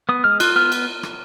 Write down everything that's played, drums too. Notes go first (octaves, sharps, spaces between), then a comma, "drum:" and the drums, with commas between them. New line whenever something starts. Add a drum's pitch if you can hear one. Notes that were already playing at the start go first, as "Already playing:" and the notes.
B3 D#6
G#3 F6
F4 F#6, drum: cymbal
B3 F6
drum: cymbal
drum: rim click